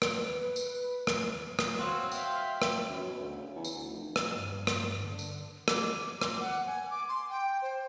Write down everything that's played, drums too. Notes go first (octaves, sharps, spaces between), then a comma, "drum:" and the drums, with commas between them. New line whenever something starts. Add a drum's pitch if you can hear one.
B4, drum: rim click
drum: tambourine
drum: rim click
drum: rim click
F#3 C4 F5 F#5 C6 E6
E5 G5, drum: tambourine
drum: rim click
F#2
B2
D2
C#3
E2
drum: tambourine
D2
F1
drum: rim click
G2
drum: rim click
D3
drum: tambourine
D6, drum: rim click
drum: rim click
F#5
G#5
D6
C6
G5
C5